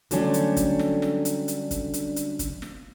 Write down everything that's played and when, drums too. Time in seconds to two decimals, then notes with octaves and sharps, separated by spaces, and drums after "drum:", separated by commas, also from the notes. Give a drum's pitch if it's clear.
0.11 D3 F#3 G3 A3 C#4 D4, drum: hi-hat
0.34 drum: hi-hat
0.57 drum: kick, hi-hat
0.79 drum: snare
1.02 drum: snare
1.25 drum: hi-hat
1.48 drum: hi-hat
1.71 drum: kick, hi-hat
1.94 drum: hi-hat
2.16 drum: hi-hat
2.39 drum: kick, hi-hat
2.62 drum: snare